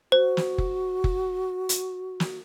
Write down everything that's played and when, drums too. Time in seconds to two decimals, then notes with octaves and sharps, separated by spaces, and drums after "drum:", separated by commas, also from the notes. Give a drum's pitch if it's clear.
0.12 F#4 C5
0.37 drum: snare
0.58 drum: kick F#1
1.04 drum: kick F#1
1.69 drum: hi-hat
2.20 drum: snare